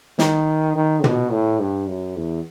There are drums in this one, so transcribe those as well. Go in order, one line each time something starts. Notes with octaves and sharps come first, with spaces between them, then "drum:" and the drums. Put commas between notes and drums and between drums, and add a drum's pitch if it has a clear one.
D#3, drum: snare
D#3
B2, drum: tom
A2
G2
F#2
E2